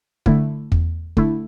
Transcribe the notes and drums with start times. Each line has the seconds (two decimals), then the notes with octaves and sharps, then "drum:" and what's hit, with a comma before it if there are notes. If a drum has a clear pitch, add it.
0.26 D3 A3 E4, drum: kick
0.72 E2, drum: kick
1.17 D3 A3 E4, drum: kick